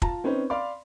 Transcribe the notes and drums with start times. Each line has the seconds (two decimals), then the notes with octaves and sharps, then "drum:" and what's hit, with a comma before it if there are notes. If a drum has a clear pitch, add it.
0.02 F4 A5 A#5, drum: kick
0.24 C4 C#4 D#4 B4 C5
0.50 D5 F5 B5 C6 D6